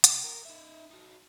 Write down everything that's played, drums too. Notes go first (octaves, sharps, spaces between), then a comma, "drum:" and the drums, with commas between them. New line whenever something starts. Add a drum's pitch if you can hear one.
C3, drum: hi-hat
A#4
D#4 E5
D#4 F#4